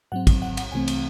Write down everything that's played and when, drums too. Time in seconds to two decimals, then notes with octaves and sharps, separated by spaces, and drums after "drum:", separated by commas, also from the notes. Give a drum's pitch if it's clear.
0.12 G#2 F#3 C4 F#5
0.27 drum: kick, cymbal
0.42 F#5
0.57 F#5, drum: cymbal
0.72 C2 C3 E3 A3 C4 G#5
0.88 drum: cymbal